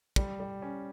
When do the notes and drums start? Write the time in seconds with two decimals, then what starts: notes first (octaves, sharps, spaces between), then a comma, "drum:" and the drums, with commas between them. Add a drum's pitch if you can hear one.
0.16 G3, drum: kick
0.40 G3
0.62 C#4